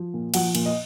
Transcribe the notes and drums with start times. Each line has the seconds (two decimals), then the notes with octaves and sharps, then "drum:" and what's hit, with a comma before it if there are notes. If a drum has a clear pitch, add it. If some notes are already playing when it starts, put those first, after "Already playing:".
Already playing: F3
0.14 A#2
0.34 F3 F#5, drum: cymbal
0.55 A#2, drum: cymbal
0.65 D#5